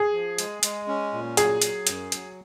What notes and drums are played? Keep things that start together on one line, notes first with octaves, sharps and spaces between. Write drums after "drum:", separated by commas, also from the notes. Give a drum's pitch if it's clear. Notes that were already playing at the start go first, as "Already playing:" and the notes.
Already playing: G#4
F3
G#3, drum: hi-hat
G#3, drum: hi-hat
C#4
A#2
F#3 G#4, drum: hi-hat
F#3, drum: hi-hat
F#2, drum: hi-hat
F#3, drum: hi-hat